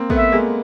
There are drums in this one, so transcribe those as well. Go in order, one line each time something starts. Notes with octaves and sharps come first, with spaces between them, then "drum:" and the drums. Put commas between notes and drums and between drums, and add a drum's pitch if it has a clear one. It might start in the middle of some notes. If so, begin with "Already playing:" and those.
Already playing: A#3 C4
A3 B3, drum: kick
E5
G#3 A#3